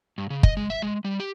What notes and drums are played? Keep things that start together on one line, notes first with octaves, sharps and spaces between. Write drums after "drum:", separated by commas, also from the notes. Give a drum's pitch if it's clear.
G2
C#3
D#5, drum: kick
G#3
E5
G#3
G3
G4